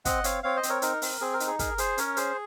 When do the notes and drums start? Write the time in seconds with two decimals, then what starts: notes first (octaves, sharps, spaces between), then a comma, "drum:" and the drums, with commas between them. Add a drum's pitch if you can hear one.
0.05 C4 D#5 F#5, drum: kick, hi-hat
0.24 C4 C#5 F5, drum: hi-hat
0.43 C4 C#5 F5
0.56 C5 D#5
0.63 C4, drum: hi-hat
0.69 A#4 C#5
0.82 D#4 A#4, drum: hi-hat
1.02 C4, drum: open hi-hat
1.21 C4 G#4
1.34 A#4
1.40 D#4, drum: hi-hat
1.47 G#4
1.59 G#4 A#4, drum: kick, hi-hat
1.78 G#4 C5, drum: hi-hat
1.98 C#4 A#4 C#5, drum: hi-hat
2.17 G#4 C5, drum: hi-hat